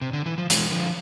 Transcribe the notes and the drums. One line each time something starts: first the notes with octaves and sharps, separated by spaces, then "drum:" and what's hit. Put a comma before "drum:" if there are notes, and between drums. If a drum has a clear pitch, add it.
C3
D3
E3
F3
E3 G#3, drum: hi-hat
D3 F3